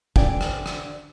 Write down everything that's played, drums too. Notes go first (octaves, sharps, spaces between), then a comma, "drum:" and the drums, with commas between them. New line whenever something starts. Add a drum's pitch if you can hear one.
D3 D5 G5 G#5, drum: kick
drum: rim click
drum: rim click